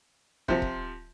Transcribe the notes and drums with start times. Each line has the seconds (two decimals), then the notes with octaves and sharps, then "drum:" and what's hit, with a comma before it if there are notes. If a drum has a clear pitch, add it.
0.48 C3 F3, drum: kick
0.62 drum: kick